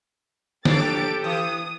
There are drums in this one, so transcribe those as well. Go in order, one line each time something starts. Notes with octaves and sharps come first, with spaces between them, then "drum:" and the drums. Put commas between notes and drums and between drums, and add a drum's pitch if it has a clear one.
F3 G3 D4 G4 A4 A6 D7, drum: snare D#3
E3 D#6